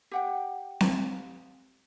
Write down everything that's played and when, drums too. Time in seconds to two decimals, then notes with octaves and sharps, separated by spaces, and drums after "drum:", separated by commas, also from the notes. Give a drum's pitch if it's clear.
0.11 G4 F#5 G5
0.80 drum: snare C4